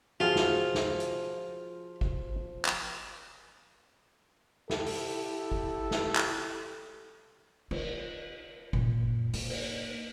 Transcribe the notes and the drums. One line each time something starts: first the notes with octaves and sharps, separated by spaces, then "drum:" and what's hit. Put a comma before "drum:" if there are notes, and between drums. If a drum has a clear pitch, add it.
F3 F4 F#4 G#4 F5
drum: snare
drum: snare
drum: hi-hat
drum: kick G#1
drum: clap
E4 G4 A4, drum: snare
drum: open hi-hat
drum: kick G#1
drum: snare
drum: clap
F4, drum: cymbal
F#2 A#2, drum: kick G#1
A#3, drum: open hi-hat
drum: cymbal